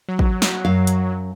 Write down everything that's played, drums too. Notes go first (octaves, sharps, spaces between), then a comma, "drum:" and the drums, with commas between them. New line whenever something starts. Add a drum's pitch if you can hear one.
F#3
drum: kick
drum: snare
F#2 F5
drum: hi-hat